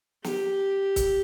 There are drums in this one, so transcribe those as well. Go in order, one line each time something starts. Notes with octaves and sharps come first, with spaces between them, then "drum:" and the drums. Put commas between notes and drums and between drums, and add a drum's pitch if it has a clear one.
G4, drum: snare
drum: kick C#1, hi-hat